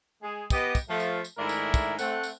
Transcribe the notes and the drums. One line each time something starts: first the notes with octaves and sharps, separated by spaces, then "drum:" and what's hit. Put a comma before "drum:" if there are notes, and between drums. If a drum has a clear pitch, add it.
G#3 G#4
B3 G4 D#5, drum: kick, tambourine
drum: kick, tambourine
F3 A3 F4
drum: tambourine
drum: tambourine
G#2 D#3 A3 D4 E4 A#4
drum: tambourine
drum: kick, tambourine
A3 C4 F#5, drum: tambourine
drum: tambourine